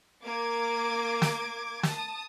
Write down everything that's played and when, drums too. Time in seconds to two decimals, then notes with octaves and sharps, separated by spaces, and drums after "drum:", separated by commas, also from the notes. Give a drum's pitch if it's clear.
0.24 A#3 D6 G#6
1.22 drum: snare
1.83 A5 D#6, drum: snare